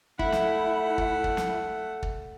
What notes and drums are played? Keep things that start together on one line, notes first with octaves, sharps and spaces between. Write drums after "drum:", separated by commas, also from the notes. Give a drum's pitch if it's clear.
A3 E4 F#5, drum: kick
drum: snare
drum: kick
drum: kick
drum: snare
drum: kick